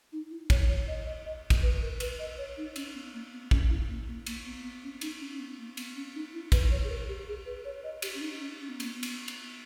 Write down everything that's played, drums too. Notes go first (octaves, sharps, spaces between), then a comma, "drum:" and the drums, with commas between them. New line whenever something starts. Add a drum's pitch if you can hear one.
D#4
E4
C#5, drum: kick, cymbal
C#5
D#5
D#5
D#5
drum: kick, cymbal
B4
A#4
B4, drum: cymbal
D#5
C#5
D#4
C#4, drum: cymbal
B3
A#3
B3
C#4, drum: kick
E4
A#3
A#3
A#3, drum: cymbal
B3
B3
C#4
D#4, drum: cymbal
C#4
C#4
B3
A#3
B3, drum: cymbal
C#4
D#4
E4
B4, drum: kick, cymbal
C#5
G#4
A#4
G4
G#4
B4
C#5
D#5
G4, drum: cymbal
C#4
D#4
C#4
C#4
B3
A#3, drum: cymbal
B3
drum: cymbal
drum: cymbal